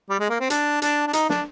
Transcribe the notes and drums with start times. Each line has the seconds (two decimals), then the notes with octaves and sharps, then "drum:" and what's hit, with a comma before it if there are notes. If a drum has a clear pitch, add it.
0.10 G3
0.20 G#3
0.30 A#3
0.40 C4
0.50 D4, drum: hi-hat
0.82 D4, drum: hi-hat
1.07 D4
1.13 D#4, drum: hi-hat
1.29 D4, drum: snare